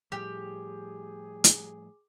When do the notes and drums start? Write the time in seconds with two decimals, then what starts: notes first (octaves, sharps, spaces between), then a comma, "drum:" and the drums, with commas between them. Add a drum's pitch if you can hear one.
0.12 A2 F3 G3 G4 G#4 D6
1.44 drum: hi-hat